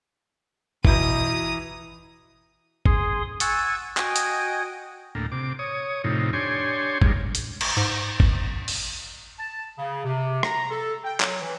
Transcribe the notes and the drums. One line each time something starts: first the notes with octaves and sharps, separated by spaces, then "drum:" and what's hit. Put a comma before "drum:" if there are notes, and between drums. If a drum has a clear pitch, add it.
B2 E3 E4 A#5 D#6 G6, drum: kick G1
G#4 C6 D#6, drum: kick G1
F#5 G#5 C#6 E6 A6, drum: hi-hat
F#4 D#5 G5 G#5 D#6, drum: clap
drum: hi-hat
D2 A2 A#3
C3 D6
C#5 D#6
F2 A2 C3 D#4
D4 G4 C#5 G#5 C6
A#2 D#3 G3 G#3, drum: kick G1
drum: hi-hat
drum: cymbal
G#2
drum: kick G1
drum: open hi-hat
A5
C#3
C3
A#5, drum: rim click
A4
G5
F#3, drum: clap
E3